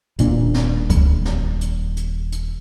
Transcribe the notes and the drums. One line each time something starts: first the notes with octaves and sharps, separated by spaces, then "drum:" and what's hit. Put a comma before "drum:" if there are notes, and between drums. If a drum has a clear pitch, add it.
D#1 A#2 D4, drum: hi-hat
drum: snare
drum: kick C#2, hi-hat
drum: snare
drum: hi-hat
drum: hi-hat
drum: hi-hat